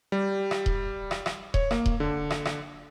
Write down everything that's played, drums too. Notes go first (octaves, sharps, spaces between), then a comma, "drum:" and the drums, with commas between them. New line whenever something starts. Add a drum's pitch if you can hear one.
G3
drum: rim click
drum: kick D#1
drum: rim click
drum: rim click
C#5, drum: kick D#1
A#3, drum: rim click
drum: kick D#1
D3
drum: rim click
drum: rim click